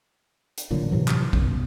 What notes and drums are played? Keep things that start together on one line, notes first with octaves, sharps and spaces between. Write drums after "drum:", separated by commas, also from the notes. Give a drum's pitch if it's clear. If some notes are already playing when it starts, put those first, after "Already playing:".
drum: hi-hat
A1 A#2 D3 F#3
A2 C3 E3 F#3
drum: clap
B1 F#2, drum: kick A1